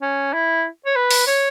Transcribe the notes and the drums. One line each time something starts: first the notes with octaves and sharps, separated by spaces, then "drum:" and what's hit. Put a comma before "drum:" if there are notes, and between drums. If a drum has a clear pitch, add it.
C#4
E4
C#5
B4
drum: open hi-hat
C#5